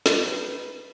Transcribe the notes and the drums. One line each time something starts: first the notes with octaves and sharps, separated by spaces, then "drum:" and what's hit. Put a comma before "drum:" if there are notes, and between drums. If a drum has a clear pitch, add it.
D#4 B4, drum: snare